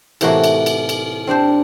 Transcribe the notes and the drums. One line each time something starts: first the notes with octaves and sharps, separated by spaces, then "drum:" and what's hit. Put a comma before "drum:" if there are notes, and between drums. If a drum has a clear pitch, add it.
A2 C3 E3 A#3 F#4, drum: cymbal
drum: cymbal
drum: cymbal
drum: cymbal
C4 D4 G4 C5